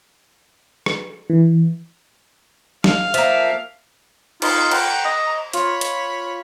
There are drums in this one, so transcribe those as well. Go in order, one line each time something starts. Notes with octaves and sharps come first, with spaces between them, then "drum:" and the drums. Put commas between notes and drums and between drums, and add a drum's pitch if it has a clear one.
drum: rim click
E3
F5, drum: snare
F3 A#3 E5, drum: hi-hat
D#4 F4 C6, drum: cymbal
F#5 G5 A#5, drum: cymbal
D#5
A#5
F4 C#5 B5, drum: hi-hat
drum: hi-hat